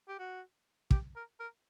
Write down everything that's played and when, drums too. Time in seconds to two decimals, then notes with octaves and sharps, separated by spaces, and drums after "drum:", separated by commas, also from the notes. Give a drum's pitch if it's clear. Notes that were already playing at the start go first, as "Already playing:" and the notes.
0.08 G4
0.19 F#4
0.91 G4, drum: kick
1.16 A#4
1.40 A#4